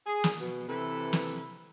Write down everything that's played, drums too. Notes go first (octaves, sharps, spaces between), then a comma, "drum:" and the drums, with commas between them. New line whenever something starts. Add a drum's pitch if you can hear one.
G#4
drum: snare
B2
C3 E3 A4 B4
drum: snare